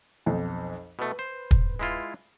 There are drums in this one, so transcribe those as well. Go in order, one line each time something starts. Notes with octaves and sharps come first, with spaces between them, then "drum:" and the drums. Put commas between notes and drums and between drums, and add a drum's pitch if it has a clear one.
B1 F2
B2 A3 B4
C5
drum: kick
G#3 E4 F4